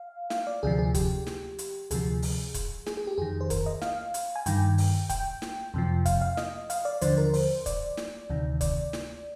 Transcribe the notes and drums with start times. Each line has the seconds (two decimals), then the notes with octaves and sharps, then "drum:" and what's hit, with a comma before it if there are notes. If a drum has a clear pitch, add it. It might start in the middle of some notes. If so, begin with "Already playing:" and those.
Already playing: F5
0.30 F5, drum: snare
0.47 D5
0.63 D2 C3 F3 G#4
0.79 G#4
0.95 G4, drum: kick, hi-hat
1.27 drum: snare
1.59 drum: hi-hat
1.91 D2 C3 F3 G#4, drum: hi-hat
2.22 drum: open hi-hat
2.54 drum: kick, hi-hat
2.86 G#4, drum: snare
2.97 G#4
3.07 G4
3.18 F2 D#3 G#4
3.41 C5
3.50 A#4, drum: kick, hi-hat
3.66 D#5
3.82 F5, drum: snare
4.14 drum: hi-hat
4.36 G#5
4.46 G2 D#3 G5, drum: hi-hat
4.78 drum: open hi-hat
5.10 G5, drum: kick, hi-hat
5.42 drum: snare
5.74 F2 C3 F3
6.06 F5, drum: kick, hi-hat
6.21 F5
6.37 D#5, drum: snare
6.70 F5, drum: hi-hat
6.85 D5
7.01 D#2 D3 F3 C5, drum: hi-hat
7.18 A#4
7.34 C5, drum: open hi-hat
7.66 D5, drum: kick, hi-hat
7.97 drum: snare
8.30 D2 C3 D#3
8.61 D5, drum: kick, hi-hat
8.93 drum: snare